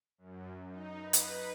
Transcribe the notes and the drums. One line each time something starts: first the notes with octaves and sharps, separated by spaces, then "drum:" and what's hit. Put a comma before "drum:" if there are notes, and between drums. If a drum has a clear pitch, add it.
F#2
D#4
B4
drum: hi-hat